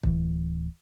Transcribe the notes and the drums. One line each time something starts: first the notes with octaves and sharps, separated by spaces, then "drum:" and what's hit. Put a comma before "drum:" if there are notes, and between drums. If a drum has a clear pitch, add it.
D1 E3, drum: kick